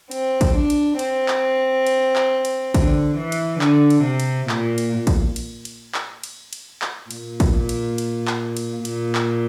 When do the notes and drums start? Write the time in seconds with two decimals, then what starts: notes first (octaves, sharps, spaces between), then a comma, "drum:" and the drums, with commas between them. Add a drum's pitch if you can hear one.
0.11 C4, drum: cymbal
0.41 drum: kick, cymbal
0.55 D4
0.70 drum: cymbal
0.99 C4, drum: cymbal
1.28 drum: clap
1.87 drum: cymbal
2.16 drum: clap
2.45 drum: cymbal
2.74 D3, drum: kick, cymbal
3.18 E3
3.32 drum: cymbal
3.61 D3, drum: clap
3.90 drum: cymbal
4.05 C3
4.20 drum: cymbal
4.49 A#2, drum: clap
4.78 drum: cymbal
5.07 drum: kick, cymbal
5.36 drum: cymbal
5.65 drum: cymbal
5.94 drum: clap
6.23 drum: cymbal
6.53 drum: cymbal
6.82 drum: clap
7.11 A#2, drum: cymbal
7.40 drum: kick, cymbal
7.69 drum: cymbal
7.98 drum: cymbal
8.27 drum: clap
8.57 drum: cymbal
8.85 A#2, drum: cymbal
9.15 drum: clap